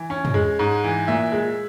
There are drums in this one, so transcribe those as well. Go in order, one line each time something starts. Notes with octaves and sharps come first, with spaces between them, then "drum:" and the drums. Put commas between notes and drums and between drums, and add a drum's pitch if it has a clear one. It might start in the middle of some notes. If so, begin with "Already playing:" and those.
Already playing: E3
C#4
drum: tom
G#3
G#2
E3
A#2 E5
G#3